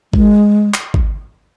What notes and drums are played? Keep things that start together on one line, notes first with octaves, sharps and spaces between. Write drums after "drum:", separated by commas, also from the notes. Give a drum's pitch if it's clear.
G#3, drum: kick
drum: clap
drum: kick